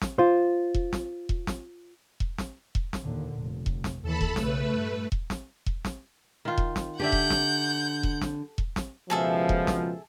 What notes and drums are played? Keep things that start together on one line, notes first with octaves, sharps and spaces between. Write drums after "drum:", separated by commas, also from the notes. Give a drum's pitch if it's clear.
drum: snare
F4 C5
drum: kick E1
drum: snare
drum: kick E1
drum: snare
drum: kick E1
drum: snare
drum: kick E1
drum: snare
D#2 A#2 D3
F1
drum: kick E1
drum: snare
D#2 E3 A4 A5 B5
drum: kick E1
B1 C#3 A3 B4, drum: snare
G2 A#2
drum: kick E1
drum: snare
drum: kick E1
drum: snare
D#3 F4
drum: kick E1
drum: snare
D3 G4 D5 E5 F#5 G6
drum: kick E1
drum: snare
drum: kick E1
drum: snare
drum: kick E1
drum: snare
C#2 B2 F3 G#4 A4 E5
drum: kick E1
drum: snare